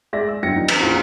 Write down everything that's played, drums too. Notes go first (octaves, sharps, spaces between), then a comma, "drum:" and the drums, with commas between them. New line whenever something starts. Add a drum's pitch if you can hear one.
G#3 D5 E5 A#6
E6
G1 F#3 D4 G5 A#6 C#7
E3 D#4
B4 A#5, drum: cymbal
A#1 F4 F#4 A#5